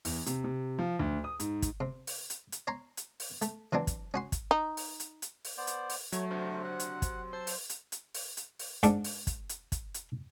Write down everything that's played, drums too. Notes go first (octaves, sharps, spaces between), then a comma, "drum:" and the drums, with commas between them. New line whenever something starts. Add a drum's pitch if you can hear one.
E2, drum: open hi-hat
C3, drum: hi-hat
C3
F3
D2
D#6
G#2, drum: hi-hat
drum: kick, hi-hat
C3
drum: open hi-hat
drum: hi-hat
drum: hi-hat
C#5 A#5 C6
drum: hi-hat
drum: open hi-hat
A3, drum: hi-hat
E3 F#3 C4 D4
drum: kick, hi-hat
C#4 F#4 C6
drum: kick, hi-hat
D#4
drum: open hi-hat
drum: hi-hat
drum: hi-hat
drum: open hi-hat
B3 C5 D5
drum: hi-hat
drum: open hi-hat
F#3 A3 C#5, drum: hi-hat
C3 D4 F#4 C5
F#5
drum: hi-hat
drum: kick, hi-hat
C5 A5 E6
drum: open hi-hat
drum: hi-hat
drum: hi-hat
drum: open hi-hat
drum: hi-hat
drum: open hi-hat
G#2 D4, drum: hi-hat
drum: open hi-hat
drum: kick, hi-hat
drum: hi-hat
drum: kick, hi-hat
drum: hi-hat